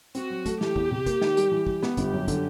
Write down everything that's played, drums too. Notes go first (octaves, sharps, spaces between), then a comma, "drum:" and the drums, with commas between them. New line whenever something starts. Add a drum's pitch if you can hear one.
C4 F#4, drum: hi-hat
F#3
A3, drum: kick, hi-hat
E3 G4, drum: snare
E2, drum: kick
C3
A#3, drum: kick, hi-hat
D#3, drum: snare
G3, drum: hi-hat
E3
G3, drum: kick
B3, drum: snare
G1 G4, drum: kick, hi-hat
F#2
D3, drum: kick, hi-hat